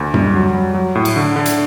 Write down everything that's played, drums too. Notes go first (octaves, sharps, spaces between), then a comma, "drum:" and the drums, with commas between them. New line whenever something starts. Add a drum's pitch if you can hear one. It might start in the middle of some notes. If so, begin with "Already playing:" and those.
Already playing: D2
G3, drum: tom F#2
F#3
F#3
F#3
A2
drum: cymbal
D3
D3
drum: hi-hat